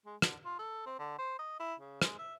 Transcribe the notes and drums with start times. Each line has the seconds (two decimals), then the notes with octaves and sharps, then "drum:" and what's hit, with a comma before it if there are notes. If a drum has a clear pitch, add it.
0.06 G#3
0.22 D3, drum: rim click
0.45 F4
0.59 A4
0.86 C4
0.99 D3
1.19 C5
1.39 D#5
1.60 E4
1.80 C#3
2.02 G#3, drum: rim click
2.19 E5